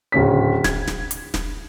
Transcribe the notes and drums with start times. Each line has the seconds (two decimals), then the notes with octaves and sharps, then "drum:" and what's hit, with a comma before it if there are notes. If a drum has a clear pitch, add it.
0.12 D1 C#3 C#4 B6
0.64 G#6, drum: snare
0.88 drum: snare
1.11 drum: hi-hat
1.34 drum: snare